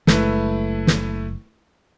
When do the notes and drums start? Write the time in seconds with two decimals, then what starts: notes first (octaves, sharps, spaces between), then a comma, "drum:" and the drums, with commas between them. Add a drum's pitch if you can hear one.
0.07 F#1 G#3 A3 E4 B4, drum: snare
0.87 drum: snare